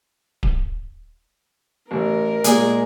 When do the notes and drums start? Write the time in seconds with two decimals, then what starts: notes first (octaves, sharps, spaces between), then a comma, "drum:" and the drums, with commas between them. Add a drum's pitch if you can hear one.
0.43 drum: kick D1
1.91 A1 A#4
2.44 A#2 G#3 G#4, drum: hi-hat